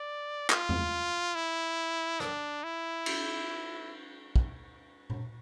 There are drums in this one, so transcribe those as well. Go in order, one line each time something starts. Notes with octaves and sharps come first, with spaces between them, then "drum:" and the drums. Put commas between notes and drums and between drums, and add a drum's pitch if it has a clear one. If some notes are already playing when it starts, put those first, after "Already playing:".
Already playing: D5
F4, drum: clap
drum: tom E2
E4
D4, drum: rim click
E4
drum: cymbal
drum: kick
drum: tom A#2